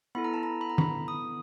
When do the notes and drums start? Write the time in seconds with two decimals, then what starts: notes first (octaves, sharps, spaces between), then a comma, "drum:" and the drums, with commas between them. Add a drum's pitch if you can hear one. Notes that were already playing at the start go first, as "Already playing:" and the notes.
0.15 B3 E4 A4 B5
0.24 A#5
0.34 A5
0.43 A#5
0.61 B5
0.70 A#5
0.78 B5, drum: tom
1.08 D#6